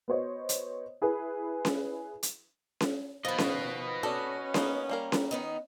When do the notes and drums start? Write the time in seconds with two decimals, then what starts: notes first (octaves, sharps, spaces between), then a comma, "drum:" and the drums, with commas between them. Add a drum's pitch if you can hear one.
0.08 B3 F#4 C5 C#5 D#5
0.49 drum: hi-hat
1.02 E4 G#4 B4
1.65 drum: snare C#4
2.23 drum: hi-hat
2.80 drum: snare C#4
3.25 D#3 F3 B3 B4 D#5
3.38 drum: snare C#4
4.03 C#4 F#4 A4 D5
4.54 A#3 B3 D#4, drum: snare C#4
4.89 G3 A#3 A#4
5.12 drum: snare C#4
5.31 D#3 B3 D#4